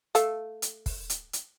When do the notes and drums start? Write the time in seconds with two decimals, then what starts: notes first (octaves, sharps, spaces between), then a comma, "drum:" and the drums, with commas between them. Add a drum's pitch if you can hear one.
0.15 A3 A4 F5, drum: hi-hat
0.62 drum: hi-hat
0.86 drum: kick, open hi-hat
1.10 drum: hi-hat
1.33 drum: hi-hat